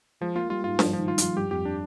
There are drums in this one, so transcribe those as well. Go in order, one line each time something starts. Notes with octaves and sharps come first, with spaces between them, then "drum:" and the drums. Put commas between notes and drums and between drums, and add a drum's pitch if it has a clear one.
F3 G#3
A#3 F4
G3 F4
G#2 F4
G2 F3, drum: snare D4
D#3 F3
F4
F3, drum: hi-hat
F4
G2 G4
F2 G4
D4